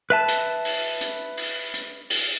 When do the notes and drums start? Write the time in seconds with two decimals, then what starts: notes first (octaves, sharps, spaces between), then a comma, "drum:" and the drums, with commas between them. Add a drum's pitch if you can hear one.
0.10 B4 E5 A5
0.28 drum: hi-hat
0.65 drum: open hi-hat
1.01 drum: hi-hat
1.38 drum: open hi-hat
1.74 drum: hi-hat
2.10 drum: open hi-hat